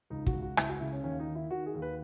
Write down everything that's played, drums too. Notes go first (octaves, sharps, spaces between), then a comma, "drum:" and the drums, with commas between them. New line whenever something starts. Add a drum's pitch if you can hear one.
C#2 D#4
F#4, drum: kick
C#2
F#4
C#2 E4, drum: rim click
F#4
C#3 E4
C#4
D#2 C#4
D#4
D#3
E4
D#3 F#4
G#4
D#2
B4